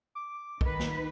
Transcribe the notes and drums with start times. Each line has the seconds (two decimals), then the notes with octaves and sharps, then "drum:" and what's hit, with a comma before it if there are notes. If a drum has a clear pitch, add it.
0.15 D6
0.61 D#3 D#4 B4, drum: kick B1
0.80 drum: snare